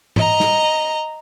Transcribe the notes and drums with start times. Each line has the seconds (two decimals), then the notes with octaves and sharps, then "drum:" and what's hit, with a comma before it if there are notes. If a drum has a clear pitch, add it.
0.16 D#5 A#5, drum: tom G#2
0.40 drum: snare